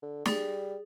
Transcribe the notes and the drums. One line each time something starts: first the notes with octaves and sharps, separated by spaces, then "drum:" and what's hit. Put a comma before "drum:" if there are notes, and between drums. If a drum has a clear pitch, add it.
D3
G3 G#4 A6, drum: snare